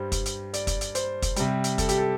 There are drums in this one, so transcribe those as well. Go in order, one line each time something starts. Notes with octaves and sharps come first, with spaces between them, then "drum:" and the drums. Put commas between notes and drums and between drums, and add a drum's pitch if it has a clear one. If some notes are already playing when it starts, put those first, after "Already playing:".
Already playing: G2 G3 C5
drum: kick, hi-hat
drum: hi-hat
D5, drum: hi-hat
drum: kick, hi-hat
drum: hi-hat
C5, drum: hi-hat
drum: kick, hi-hat
C3 G3, drum: hi-hat
drum: hi-hat
A4, drum: kick, hi-hat
G4, drum: hi-hat
A4